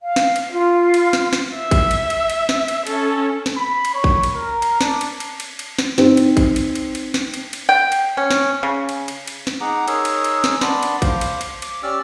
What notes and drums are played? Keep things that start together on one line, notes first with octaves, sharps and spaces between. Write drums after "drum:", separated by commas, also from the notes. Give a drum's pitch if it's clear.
F5
drum: snare
drum: cymbal
F4
drum: cymbal
drum: snare
drum: snare
E5
drum: kick A1, cymbal
drum: cymbal
drum: cymbal
drum: cymbal
drum: snare
drum: cymbal
C#4 A4, drum: cymbal
drum: snare
B5
drum: cymbal
C#5
drum: kick A1
drum: cymbal
A#4
drum: cymbal
D4, drum: snare
drum: cymbal
drum: cymbal
drum: cymbal
drum: cymbal
drum: snare
C4 D#4, drum: snare
drum: cymbal
drum: kick A1, cymbal
drum: cymbal
drum: cymbal
drum: cymbal
drum: snare
drum: cymbal
drum: cymbal
G5
drum: cymbal
C#4
drum: snare
C#3
drum: cymbal
drum: cymbal
drum: cymbal
drum: snare
D#4 G#4 F#5 A#5 D6
D#4 G#4 A#4 C#5 D#6 E6, drum: cymbal
drum: cymbal
drum: cymbal
drum: snare
B3 D4 D5 B5 C6, drum: snare
drum: cymbal
C5 F5 D6, drum: kick A1, cymbal
drum: cymbal
drum: cymbal
D6, drum: cymbal
C#4 G4 D5 D6 E6 F6